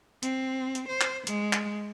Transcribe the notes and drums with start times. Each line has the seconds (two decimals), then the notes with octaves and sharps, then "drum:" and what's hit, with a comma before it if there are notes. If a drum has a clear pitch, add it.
0.23 C4, drum: hi-hat
0.75 drum: hi-hat
0.88 C5
1.01 drum: clap
1.27 G#3, drum: hi-hat
1.53 drum: clap